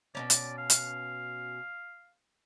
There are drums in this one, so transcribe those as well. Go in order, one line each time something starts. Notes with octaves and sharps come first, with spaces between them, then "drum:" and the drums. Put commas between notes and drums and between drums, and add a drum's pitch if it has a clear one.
B2 B3 C#4 D5
drum: hi-hat
F5
drum: hi-hat